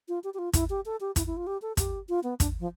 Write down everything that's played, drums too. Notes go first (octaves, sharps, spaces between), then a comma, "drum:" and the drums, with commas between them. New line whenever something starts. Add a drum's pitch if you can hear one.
F4
G4
G4
F4
E4, drum: kick, hi-hat
G4
A4
G4
E4, drum: kick, hi-hat
E4
F4
G4
A4
G4, drum: kick, hi-hat
F4
B3
D4, drum: kick, hi-hat
F3